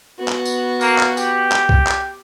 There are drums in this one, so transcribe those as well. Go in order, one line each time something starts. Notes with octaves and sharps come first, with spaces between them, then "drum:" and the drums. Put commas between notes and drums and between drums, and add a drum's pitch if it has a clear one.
B3 F#4
drum: clap
drum: tambourine
A#3, drum: tambourine
drum: clap
G4, drum: tambourine
drum: clap
drum: kick C2
drum: clap